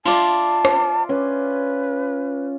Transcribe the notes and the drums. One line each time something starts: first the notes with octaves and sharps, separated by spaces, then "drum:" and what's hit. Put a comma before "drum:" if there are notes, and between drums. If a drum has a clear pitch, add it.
F4 D5 E5 A5, drum: cymbal
drum: rim click
C#4 B4